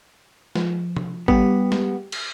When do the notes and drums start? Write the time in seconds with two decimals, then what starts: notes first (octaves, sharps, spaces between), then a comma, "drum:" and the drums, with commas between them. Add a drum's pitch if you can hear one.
0.55 F3, drum: snare
0.97 drum: tom C3
1.28 G3 B3 G4, drum: kick
1.72 drum: snare
2.12 drum: cymbal